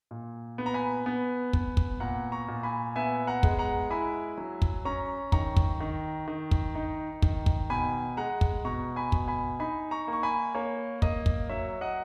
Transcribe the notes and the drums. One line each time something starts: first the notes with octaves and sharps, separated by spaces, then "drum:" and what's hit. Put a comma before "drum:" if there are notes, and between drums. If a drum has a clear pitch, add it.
A#2
B3
A#5
G#5 B5
B3
B3, drum: kick
drum: kick
A#2 F#5 A#5
A#5 C#6
A#2
G#5 B5
B3 E5 G#5
F#5 A#5
G#3, drum: kick
F#5 A#5
E4 G#5 B5
F#3
drum: kick
C#4 A#5 C#6
D#3 A#5 C#6, drum: kick
drum: kick
D#3
D#3
drum: kick
D#4
D#3, drum: kick
drum: kick
B2 G#5 B5
G#3 F#5 A#5
drum: kick
B2 A#5 C#6
G#5 B5
B2, drum: kick
G#5 B5
D#4 G#5 B5
A#5 C#6
A#3
C#6
G#5 B5
A#3 C#5
A#3 D#5, drum: kick
drum: kick
F#3 C#5 E5
D#5 F#5